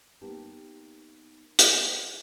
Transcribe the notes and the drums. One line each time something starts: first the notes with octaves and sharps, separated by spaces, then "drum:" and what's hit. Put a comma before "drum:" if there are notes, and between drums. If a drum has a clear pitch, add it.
A#3 B3 D#4 G4 A5
drum: hi-hat